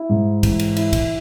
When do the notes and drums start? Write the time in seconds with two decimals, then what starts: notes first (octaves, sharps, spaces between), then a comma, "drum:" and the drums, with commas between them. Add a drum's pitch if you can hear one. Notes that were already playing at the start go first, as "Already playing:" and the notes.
Already playing: E4
0.09 G#2
0.43 E3, drum: kick, cymbal
0.59 drum: cymbal
0.76 E4, drum: cymbal
0.93 drum: kick, cymbal